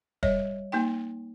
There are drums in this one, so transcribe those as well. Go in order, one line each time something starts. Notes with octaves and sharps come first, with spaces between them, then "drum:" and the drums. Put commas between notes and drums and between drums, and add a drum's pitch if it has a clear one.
G3 C#5 D#5, drum: kick
A#3 D#4 G5